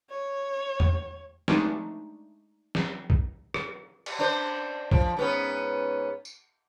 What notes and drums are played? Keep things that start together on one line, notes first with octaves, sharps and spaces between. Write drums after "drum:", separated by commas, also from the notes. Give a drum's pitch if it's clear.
C#5
drum: tom E2
G#3 A3 D4 D#4, drum: snare
drum: snare
drum: kick
drum: rim click
drum: cymbal
D4 C5
F3, drum: kick
G#2 B3 C#4
drum: tambourine